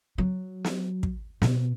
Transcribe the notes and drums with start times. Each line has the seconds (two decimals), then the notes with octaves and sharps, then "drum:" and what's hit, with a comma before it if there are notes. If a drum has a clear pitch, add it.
0.18 F#3
0.64 drum: snare
1.03 drum: kick
1.42 B2, drum: snare